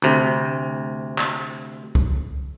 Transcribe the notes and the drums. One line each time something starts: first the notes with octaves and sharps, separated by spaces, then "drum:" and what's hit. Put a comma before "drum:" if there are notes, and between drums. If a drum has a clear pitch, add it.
D2 C3
drum: clap
drum: kick C2